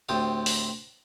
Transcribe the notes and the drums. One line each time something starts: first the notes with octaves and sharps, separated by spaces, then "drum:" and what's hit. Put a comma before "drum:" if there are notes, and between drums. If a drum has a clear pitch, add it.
D2 A2 C4 G4 A5 D#6
drum: open hi-hat